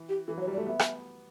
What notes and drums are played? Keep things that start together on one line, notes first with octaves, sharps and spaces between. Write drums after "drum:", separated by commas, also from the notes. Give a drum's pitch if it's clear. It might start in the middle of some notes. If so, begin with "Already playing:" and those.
Already playing: E3
G4
E3 A4
F#3
C#5
G3
D5
A3
B3 E5
drum: rim click